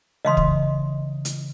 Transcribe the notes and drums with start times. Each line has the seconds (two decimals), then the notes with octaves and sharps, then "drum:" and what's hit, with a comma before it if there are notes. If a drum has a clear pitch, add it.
0.25 C#3 E3 D#5 F5 C6 D#6
0.37 drum: kick
1.25 drum: hi-hat